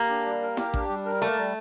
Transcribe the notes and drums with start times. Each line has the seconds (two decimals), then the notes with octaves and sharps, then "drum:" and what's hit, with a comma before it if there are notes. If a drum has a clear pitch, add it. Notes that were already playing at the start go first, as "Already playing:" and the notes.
Already playing: A#3 G4
0.09 D4
0.26 G3
0.42 A#4
0.57 G4, drum: snare E4
0.74 D4, drum: kick A1
0.89 G3
1.06 A#4
1.21 A3 A#3
1.38 G3